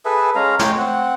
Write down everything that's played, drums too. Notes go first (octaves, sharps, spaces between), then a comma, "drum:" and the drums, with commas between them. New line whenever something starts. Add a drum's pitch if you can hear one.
G#4 A4 B4 E5
G#3 C#4 F5 A#5
C#5 G5 C6 D6, drum: snare
C4 F#5